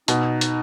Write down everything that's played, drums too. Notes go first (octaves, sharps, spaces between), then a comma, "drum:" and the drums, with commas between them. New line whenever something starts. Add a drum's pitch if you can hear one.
B2 D#4, drum: hi-hat
drum: hi-hat